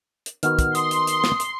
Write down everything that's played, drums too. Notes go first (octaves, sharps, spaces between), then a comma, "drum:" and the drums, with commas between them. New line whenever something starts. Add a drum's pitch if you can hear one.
drum: hi-hat
D#3 B3 F#4 F6, drum: hi-hat
drum: kick, hi-hat
C6 D#6, drum: hi-hat
drum: hi-hat
drum: hi-hat
drum: snare
drum: hi-hat